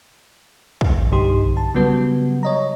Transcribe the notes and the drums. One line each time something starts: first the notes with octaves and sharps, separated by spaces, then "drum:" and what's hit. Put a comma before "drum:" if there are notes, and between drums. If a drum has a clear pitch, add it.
drum: kick
B1 G2 D3 D#4 G4 C6
A5
C#3 F#3 G3 B3 F#4 B4
C#5 D#5 A#5